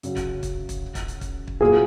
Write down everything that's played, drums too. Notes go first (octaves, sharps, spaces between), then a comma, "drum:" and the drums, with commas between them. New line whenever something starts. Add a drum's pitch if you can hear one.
F#2 C#3 F#3 C#4, drum: hi-hat
drum: kick, hi-hat
drum: kick, hi-hat
drum: kick, hi-hat
drum: kick, hi-hat
drum: hi-hat
drum: kick, hi-hat
drum: kick
A#2 F#3 A#3 F4 G#4